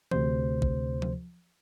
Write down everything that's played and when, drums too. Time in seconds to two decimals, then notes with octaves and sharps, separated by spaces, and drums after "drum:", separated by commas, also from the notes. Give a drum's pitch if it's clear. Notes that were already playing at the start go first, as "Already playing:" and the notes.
0.11 D2 C3 C5, drum: tom E3
0.62 drum: kick
1.02 drum: tom F3